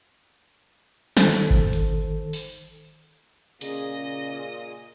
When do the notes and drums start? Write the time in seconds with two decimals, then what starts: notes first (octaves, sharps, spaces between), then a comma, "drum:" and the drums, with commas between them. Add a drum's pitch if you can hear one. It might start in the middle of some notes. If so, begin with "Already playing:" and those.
1.17 D#3 A4 C5, drum: snare
1.51 drum: kick G#1
1.73 drum: hi-hat
2.33 drum: open hi-hat
3.61 A#2 C#3 G#4 D#5, drum: hi-hat